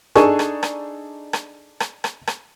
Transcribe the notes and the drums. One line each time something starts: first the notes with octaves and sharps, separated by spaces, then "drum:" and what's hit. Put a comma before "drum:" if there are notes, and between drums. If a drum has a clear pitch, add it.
D4 D#4 G#4 A4 G#5 C#6, drum: rim click
drum: rim click
drum: rim click
drum: rim click
drum: rim click
drum: rim click
drum: rim click